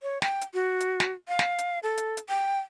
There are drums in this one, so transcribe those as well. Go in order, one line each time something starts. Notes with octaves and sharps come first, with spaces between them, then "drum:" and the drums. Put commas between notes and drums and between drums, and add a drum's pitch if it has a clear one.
C#5
G5, drum: snare
drum: hi-hat
F#4
drum: hi-hat
drum: snare
F5
drum: snare
drum: hi-hat
A4
drum: hi-hat
drum: hi-hat
G5